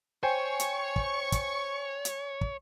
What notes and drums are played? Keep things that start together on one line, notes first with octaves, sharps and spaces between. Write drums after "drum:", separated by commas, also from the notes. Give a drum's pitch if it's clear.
C5 C#5 G5 G#5 C#6
drum: hi-hat
drum: kick
drum: kick, hi-hat
drum: hi-hat
drum: kick